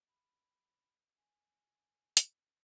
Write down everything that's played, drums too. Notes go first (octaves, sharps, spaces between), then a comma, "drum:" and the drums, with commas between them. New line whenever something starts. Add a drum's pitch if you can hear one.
B5
G#5
drum: hi-hat